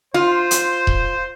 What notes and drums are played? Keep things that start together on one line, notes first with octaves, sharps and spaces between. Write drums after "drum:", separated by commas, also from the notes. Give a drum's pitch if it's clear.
F4 C5
drum: hi-hat
drum: kick D#1